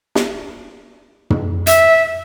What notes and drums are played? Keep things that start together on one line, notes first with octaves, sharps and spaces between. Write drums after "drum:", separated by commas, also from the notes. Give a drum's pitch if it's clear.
drum: snare
drum: tom
E5, drum: hi-hat